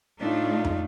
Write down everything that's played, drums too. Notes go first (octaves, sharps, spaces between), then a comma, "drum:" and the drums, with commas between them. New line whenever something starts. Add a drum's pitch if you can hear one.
A2 A3 D4 D#4 F4
drum: tom